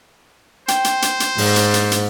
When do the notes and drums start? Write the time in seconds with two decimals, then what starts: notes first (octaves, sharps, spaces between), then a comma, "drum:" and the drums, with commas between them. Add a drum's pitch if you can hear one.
0.68 C5 G5, drum: hi-hat
0.84 drum: hi-hat
1.02 drum: hi-hat
1.20 drum: hi-hat
1.38 G#2, drum: open hi-hat
1.56 drum: hi-hat
1.74 drum: hi-hat
1.92 drum: hi-hat